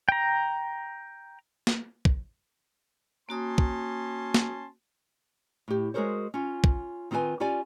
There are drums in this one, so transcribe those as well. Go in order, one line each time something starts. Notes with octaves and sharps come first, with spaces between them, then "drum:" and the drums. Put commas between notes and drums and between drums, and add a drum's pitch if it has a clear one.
G5 A#5
drum: snare
drum: kick
A#3 C#4 F#4 A5 C6 D#6
drum: kick
drum: snare
A2 G4
G#3 F#4 G#4 A#4 C5 C#5
C#4 F4
drum: kick
D#3 C4 F4 B4 G#5
C#4 F4 G4 D5 G#5